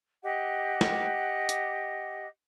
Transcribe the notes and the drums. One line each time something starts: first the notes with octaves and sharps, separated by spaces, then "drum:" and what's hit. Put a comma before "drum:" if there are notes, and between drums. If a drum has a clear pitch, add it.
G4 D#5 F#5
drum: snare
drum: hi-hat